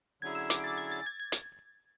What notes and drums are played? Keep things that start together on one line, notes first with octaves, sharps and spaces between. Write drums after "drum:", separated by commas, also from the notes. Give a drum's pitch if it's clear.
D3 F#3 C#4 E4 G#4 G#6
E6
D6, drum: hi-hat
A6
G#6
A6
G#6
G#6
drum: hi-hat